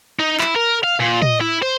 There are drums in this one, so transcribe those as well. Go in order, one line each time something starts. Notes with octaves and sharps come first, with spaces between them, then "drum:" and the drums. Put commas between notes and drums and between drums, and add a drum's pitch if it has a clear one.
D#4
E4, drum: clap
A#4
F5
A#2
D#5, drum: tom
E4
C5